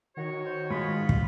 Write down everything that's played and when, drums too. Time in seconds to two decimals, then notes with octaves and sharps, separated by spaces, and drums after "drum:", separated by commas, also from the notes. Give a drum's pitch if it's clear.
0.17 D#3 F#4 C#5
0.45 C5
0.70 G#2 G#3 F4 B5
1.09 drum: kick